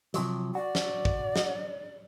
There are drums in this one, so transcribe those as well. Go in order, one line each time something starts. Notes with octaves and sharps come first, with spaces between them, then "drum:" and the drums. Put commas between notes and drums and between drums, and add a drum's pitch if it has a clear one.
C3 F3 F#3, drum: hi-hat
F#4 D5
drum: snare
drum: kick
drum: snare